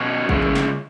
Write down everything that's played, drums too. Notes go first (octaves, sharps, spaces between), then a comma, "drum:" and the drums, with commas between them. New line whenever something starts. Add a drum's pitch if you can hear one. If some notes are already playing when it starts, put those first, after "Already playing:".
Already playing: B2 F#3 C#4 F#4
C#3 G#3 C#4 E4, drum: kick
drum: tom C#3
drum: snare